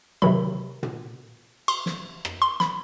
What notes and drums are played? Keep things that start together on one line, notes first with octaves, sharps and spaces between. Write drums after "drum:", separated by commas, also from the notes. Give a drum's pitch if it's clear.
C3 D#3 F#3 B5
drum: tom
C6, drum: cymbal
drum: snare
drum: rim click
C6
B5, drum: snare